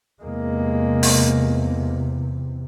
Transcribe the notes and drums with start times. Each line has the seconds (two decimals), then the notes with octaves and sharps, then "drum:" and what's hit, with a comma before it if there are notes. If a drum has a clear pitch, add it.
0.23 E2 C3 G#3 A#3
1.03 drum: open hi-hat